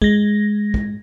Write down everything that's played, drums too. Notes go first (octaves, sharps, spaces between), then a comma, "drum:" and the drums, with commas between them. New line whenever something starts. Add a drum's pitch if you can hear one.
G#3 A#6, drum: kick
drum: kick